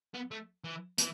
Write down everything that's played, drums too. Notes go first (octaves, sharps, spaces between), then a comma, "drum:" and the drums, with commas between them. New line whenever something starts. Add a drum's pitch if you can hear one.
B3
A3
E3
E3, drum: hi-hat